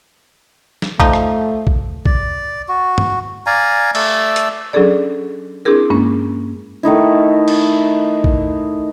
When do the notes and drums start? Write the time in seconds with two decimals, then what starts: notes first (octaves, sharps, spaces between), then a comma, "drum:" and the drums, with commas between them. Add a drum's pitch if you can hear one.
0.82 drum: snare
1.00 F3 A3 D#4, drum: kick
1.13 drum: rim click
1.67 drum: kick
2.06 D5, drum: kick
2.69 F#4
2.98 drum: tom G2
3.46 D5 F5 G#5 A#5
3.95 A3 D5 E6, drum: cymbal
4.36 drum: hi-hat
4.73 F#3 C#4 D4 G#4 A4 D5
5.65 C4 D4 E4 G4 G#4 A#4
5.90 G2 G#3 A#3 C#4 D4
6.83 D#3 A3 D#4 E4
7.48 drum: cymbal
8.24 drum: kick